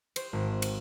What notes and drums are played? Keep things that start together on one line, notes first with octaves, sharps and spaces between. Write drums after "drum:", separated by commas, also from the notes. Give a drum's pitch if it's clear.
C5, drum: cymbal
G#1
drum: cymbal